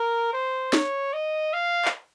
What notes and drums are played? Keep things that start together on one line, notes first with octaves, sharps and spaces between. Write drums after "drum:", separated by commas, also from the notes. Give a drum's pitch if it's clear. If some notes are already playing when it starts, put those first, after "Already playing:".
Already playing: A#4
C5
C#5, drum: snare
D#5
F5
drum: clap